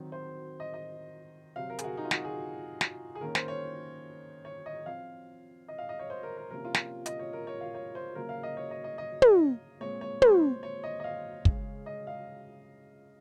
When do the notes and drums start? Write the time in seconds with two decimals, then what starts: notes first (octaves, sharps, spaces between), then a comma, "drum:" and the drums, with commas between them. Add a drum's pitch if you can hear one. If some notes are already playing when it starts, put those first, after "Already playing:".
Already playing: D#3 F#3 C4
0.12 C5
0.60 D#5
0.74 D#5
1.56 C3 F#3 C4 F5
1.70 A#4
1.79 G#4, drum: hi-hat
1.84 F#4
1.97 D#4
2.05 F4
2.11 F#4, drum: snare
2.25 G#4
2.81 drum: snare
3.15 G#4
3.21 D#3 A#3 C#4 A#4
3.35 C5, drum: snare
3.48 C#5
4.45 C#5
4.66 D#5
4.86 F3 C4 F5
5.68 D#5
5.78 F5
5.89 D#5
5.99 C#5
6.10 C5
6.23 A#4
6.37 A#4
6.51 C3 F3 A#3 C#4 A#4
6.65 F4
6.74 drum: snare
7.06 D#5, drum: hi-hat
7.19 C#5
7.33 A#4
7.47 C#5
7.61 F5
7.75 C#5
7.95 C5
8.15 C#3 F#3 A#3 A#4
8.29 F5
8.43 D#5
8.57 C#5
8.71 D#5
8.84 D#5
8.98 D#5
9.22 drum: tom
9.80 A#2 G#3 C4 C#5
10.01 C#5
10.22 C5, drum: tom
10.63 C#5
10.84 D#5
11.00 D#5
11.04 F5
11.45 C#3 G#3 C#4, drum: kick
11.86 D#5
12.07 F5